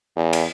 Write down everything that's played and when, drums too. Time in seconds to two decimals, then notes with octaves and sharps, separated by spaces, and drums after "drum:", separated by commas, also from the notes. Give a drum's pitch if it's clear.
0.16 E2
0.33 drum: cymbal